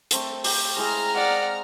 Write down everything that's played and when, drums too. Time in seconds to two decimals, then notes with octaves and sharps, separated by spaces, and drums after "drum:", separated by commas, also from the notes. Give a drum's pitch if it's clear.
0.11 A3 C4 A4, drum: hi-hat
0.44 G4 G5, drum: open hi-hat
0.76 G#3 E4 G#4 A#5 F6
1.15 D5 F5 F#5